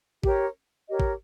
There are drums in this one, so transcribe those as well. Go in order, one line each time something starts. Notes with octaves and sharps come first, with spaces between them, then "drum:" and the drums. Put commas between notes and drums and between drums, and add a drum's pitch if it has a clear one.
G4 A#4 C#5, drum: kick A1
G4 A#4 C#5 D#5
drum: kick A1